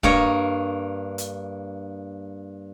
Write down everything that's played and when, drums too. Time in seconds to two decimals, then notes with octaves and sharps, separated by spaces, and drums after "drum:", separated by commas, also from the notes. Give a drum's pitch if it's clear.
0.03 G2 A#3 C#5 D#5 A#5, drum: kick
1.18 drum: hi-hat